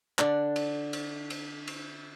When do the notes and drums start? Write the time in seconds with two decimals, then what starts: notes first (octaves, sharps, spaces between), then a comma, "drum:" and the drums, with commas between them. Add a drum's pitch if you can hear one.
0.19 D3 D4, drum: clap
0.56 drum: cymbal
0.93 drum: cymbal
1.30 drum: cymbal
1.67 drum: cymbal